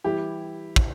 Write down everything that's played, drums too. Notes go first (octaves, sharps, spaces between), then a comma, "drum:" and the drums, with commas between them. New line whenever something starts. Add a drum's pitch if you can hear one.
E3 G3 E4 G4
drum: kick